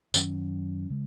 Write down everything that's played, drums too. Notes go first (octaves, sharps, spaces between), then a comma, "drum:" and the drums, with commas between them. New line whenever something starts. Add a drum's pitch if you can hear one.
F#2 D#3 F#3 C#4, drum: tambourine
C#3 G#3